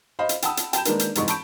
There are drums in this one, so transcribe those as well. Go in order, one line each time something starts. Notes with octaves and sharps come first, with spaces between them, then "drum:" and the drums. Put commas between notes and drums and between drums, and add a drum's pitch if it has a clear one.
C5 D#5 F5 B5
drum: hi-hat
F#5 G5 A5 B5 D#6 E6, drum: hi-hat
drum: hi-hat
G5 A5 B5 G6 E7, drum: hi-hat
D#3 G#3 A#3 D4 A#4 B4, drum: hi-hat
drum: hi-hat
F1 G#2 E3 G#3 D#5 C#6, drum: hi-hat
A5 B5 C#6 G6 D7, drum: hi-hat